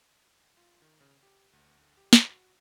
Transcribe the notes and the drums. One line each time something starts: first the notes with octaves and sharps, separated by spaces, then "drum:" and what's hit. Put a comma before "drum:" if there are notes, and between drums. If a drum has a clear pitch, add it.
F4
D#3
C#3
G4
D2
D2
G4
G#2, drum: snare
F#4